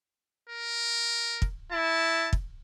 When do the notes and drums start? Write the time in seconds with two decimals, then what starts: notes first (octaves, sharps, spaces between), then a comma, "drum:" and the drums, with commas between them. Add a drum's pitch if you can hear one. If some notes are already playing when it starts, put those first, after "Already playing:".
0.49 A#4
1.42 drum: kick
1.72 E4 A5
2.33 drum: kick